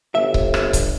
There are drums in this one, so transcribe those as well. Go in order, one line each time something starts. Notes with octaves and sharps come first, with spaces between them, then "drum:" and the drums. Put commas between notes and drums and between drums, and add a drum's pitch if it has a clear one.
G1 E5
drum: kick C#1
drum: rim click
drum: kick C#1, hi-hat